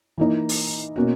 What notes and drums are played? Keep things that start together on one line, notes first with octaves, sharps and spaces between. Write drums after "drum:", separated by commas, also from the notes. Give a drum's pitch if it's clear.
E3 A#3 D#4
drum: open hi-hat
B2 A#3 C#4 F#4